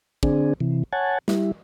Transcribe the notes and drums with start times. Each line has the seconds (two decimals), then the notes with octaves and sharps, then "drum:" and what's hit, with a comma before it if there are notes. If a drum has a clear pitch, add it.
0.23 D3 C4 D4 G#4, drum: kick
0.60 C3 E3
0.93 C#5 F#5 G#5 A5
1.28 G3 E4, drum: snare